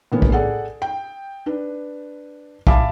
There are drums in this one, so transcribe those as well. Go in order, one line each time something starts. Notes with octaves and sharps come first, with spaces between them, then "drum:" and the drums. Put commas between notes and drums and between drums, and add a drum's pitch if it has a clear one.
A2 D3 E3 A#3 B3
drum: kick
G#4 A4 D5 F#5
G5
D4 B4
E5 F5 G#5 A5 B5 D6, drum: kick